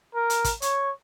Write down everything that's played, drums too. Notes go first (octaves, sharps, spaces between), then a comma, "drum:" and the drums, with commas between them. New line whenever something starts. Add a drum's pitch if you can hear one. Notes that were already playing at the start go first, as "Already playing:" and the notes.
A#4
drum: hi-hat
drum: kick, hi-hat
C#5, drum: hi-hat